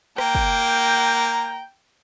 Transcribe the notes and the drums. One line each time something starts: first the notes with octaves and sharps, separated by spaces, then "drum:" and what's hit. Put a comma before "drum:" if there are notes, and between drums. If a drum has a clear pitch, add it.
A#3 G5 A#5, drum: rim click
drum: kick